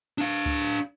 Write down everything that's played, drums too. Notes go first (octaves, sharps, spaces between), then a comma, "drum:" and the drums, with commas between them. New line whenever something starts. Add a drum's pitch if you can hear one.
D4 F5, drum: hi-hat
drum: kick C#2